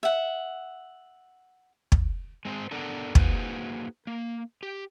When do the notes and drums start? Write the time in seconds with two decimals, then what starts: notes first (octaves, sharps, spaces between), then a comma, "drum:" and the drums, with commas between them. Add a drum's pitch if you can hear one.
0.03 E5 F#5
1.92 drum: kick
2.45 G#3 C4 C5
2.71 B3 D4 A4 A#4
3.15 A#3 D#4 F#4 G#4 B4 C5, drum: kick
4.07 A#3
4.63 G4